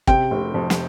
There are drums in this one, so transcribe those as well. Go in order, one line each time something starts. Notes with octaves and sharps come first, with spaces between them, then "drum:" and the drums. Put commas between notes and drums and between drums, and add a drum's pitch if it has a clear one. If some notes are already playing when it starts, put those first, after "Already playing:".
C3 G5, drum: kick
F1
F2
drum: snare